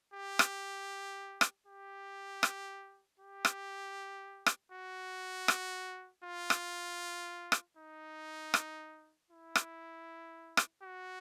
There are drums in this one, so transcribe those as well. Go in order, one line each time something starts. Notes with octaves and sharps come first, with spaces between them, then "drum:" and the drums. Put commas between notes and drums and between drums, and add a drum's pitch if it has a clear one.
G4
drum: rim click
drum: rim click
G4
drum: rim click
G4
drum: rim click
drum: rim click
F#4
drum: rim click
F4
drum: rim click
drum: rim click
D#4
drum: rim click
E4
drum: rim click
drum: rim click
F#4